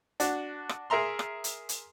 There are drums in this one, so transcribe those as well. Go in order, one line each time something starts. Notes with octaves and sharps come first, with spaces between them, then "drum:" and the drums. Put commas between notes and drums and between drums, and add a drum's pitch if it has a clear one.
D4 F#4, drum: hi-hat
drum: rim click
G#4 A#4 E5 A#5 C6
drum: rim click
drum: hi-hat
drum: hi-hat